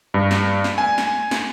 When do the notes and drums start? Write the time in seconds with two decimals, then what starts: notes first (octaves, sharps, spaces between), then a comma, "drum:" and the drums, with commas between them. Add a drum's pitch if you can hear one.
0.14 G2
0.31 drum: snare
0.64 drum: snare
0.78 G#5
0.98 drum: snare
1.31 drum: snare